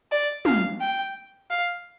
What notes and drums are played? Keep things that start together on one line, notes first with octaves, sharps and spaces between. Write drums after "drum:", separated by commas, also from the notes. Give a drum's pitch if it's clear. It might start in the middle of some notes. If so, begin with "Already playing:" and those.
D5
F5, drum: tom
G5
F5